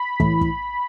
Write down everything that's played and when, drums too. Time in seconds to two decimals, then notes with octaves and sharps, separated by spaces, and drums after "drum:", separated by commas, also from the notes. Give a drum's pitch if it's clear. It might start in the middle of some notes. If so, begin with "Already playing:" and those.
Already playing: B5
0.20 A2 E3, drum: kick
0.41 drum: kick